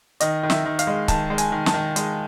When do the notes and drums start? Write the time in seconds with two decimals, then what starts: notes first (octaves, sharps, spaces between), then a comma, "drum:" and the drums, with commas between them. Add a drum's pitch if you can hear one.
0.20 D#3 D#5, drum: hi-hat
0.43 D#3
0.50 E5, drum: snare
0.65 D#3
0.79 F5, drum: hi-hat
0.87 G#3
1.08 D#3 A5, drum: kick C#1, hi-hat
1.30 G#3
1.38 G#5, drum: hi-hat
1.52 D#3
1.66 A5, drum: snare
1.74 D#3
1.96 G#3, drum: hi-hat